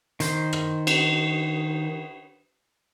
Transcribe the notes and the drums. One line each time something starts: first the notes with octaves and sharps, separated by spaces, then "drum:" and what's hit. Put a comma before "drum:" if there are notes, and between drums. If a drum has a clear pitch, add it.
D#3 C5, drum: hi-hat
drum: rim click
drum: cymbal